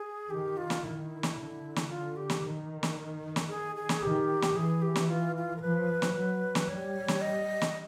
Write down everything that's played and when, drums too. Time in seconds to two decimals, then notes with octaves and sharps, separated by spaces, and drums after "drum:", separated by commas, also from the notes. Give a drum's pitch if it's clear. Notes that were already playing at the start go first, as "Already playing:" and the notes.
Already playing: G#4
0.30 D#3 G4
0.57 F4
0.70 drum: snare
0.84 D#3 E4
1.23 drum: snare
1.37 D3
1.76 drum: snare
1.89 D3 F4
2.16 G4
2.30 drum: snare
2.43 D#3
2.83 drum: snare
3.36 drum: snare
3.49 G#4
3.76 G#4
3.89 drum: snare
4.02 D#3 G4
4.42 drum: snare
4.56 E3 G#4
4.82 G4
4.96 drum: snare
5.09 F4
5.36 F4
5.56 A#4
5.61 F3 B4
6.02 drum: snare
6.15 F#3
6.55 drum: snare
6.68 G3 C#5
7.08 drum: snare
7.21 D#5
7.61 drum: snare